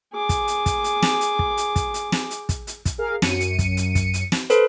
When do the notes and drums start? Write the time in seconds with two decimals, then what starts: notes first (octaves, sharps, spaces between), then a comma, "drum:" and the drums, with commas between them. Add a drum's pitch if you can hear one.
0.14 G#4 D6
0.29 drum: kick, hi-hat
0.48 drum: hi-hat
0.66 drum: kick, hi-hat
0.84 drum: hi-hat
1.02 drum: snare
1.21 drum: hi-hat
1.39 drum: kick
1.57 drum: hi-hat
1.76 drum: kick, hi-hat
1.94 drum: hi-hat
2.12 drum: snare
2.31 drum: hi-hat
2.49 drum: kick, hi-hat
2.67 drum: hi-hat
2.85 drum: kick, hi-hat
2.98 G#4 A#4 F5
3.22 F#2 C#7 D#7, drum: snare
3.40 drum: hi-hat
3.59 drum: kick, hi-hat
3.77 drum: hi-hat
3.95 drum: kick, hi-hat
4.14 drum: hi-hat
4.32 drum: snare
4.50 A4 B4 C5, drum: hi-hat